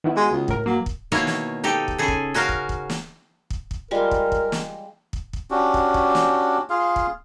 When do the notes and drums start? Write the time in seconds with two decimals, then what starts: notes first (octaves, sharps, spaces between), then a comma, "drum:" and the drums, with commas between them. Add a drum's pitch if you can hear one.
0.04 D#3 B3 E4
0.16 G#3 F#4
0.31 C#2
0.48 A2 A#4, drum: kick
0.66 F#3 A#3
0.86 drum: kick
1.12 B2 D#3 A#3 E4 C#5
1.27 drum: snare
1.64 D#4 G4 A4
1.88 drum: kick
1.99 C#3 G#4 A4
2.08 drum: kick
2.34 C#4 F#4 A#4 F5
2.49 drum: kick
2.69 drum: kick
2.89 drum: snare
3.50 drum: kick
3.71 drum: kick
3.91 G3 G#3 F4 A#4
4.11 drum: kick
4.32 drum: kick
4.52 drum: snare
5.13 drum: kick
5.33 drum: kick
5.51 C#4 D4 F#4 G4
5.74 drum: kick
5.94 drum: kick
6.15 drum: snare
6.70 F4 G#4 F5
6.96 drum: kick